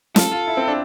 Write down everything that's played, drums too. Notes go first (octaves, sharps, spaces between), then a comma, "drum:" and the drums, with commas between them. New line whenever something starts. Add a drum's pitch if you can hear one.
F4 A4, drum: snare
F4
E4
C4
D4